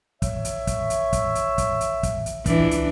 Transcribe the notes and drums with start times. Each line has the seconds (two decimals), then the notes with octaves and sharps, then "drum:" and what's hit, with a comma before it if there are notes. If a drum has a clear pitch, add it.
0.22 C#5 E5, drum: kick, hi-hat
0.45 drum: hi-hat
0.67 drum: kick, hi-hat
0.90 drum: hi-hat
1.13 drum: kick, hi-hat
1.35 drum: hi-hat
1.58 drum: kick, hi-hat
1.81 drum: hi-hat
2.03 drum: kick, hi-hat
2.26 drum: hi-hat
2.46 C#2 E3 D4, drum: kick, hi-hat
2.71 drum: hi-hat